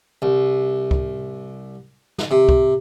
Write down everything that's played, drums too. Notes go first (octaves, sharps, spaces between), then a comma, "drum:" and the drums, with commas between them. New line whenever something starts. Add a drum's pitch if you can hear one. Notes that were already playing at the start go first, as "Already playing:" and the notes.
C2
drum: kick C#2
drum: snare
C3
drum: kick C#2